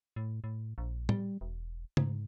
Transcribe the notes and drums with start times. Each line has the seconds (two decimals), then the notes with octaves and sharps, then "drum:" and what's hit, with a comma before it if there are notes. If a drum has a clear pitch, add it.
0.16 A2
0.44 A2
0.78 A#1
1.09 G3, drum: tom
1.41 E1
1.97 G#2, drum: tom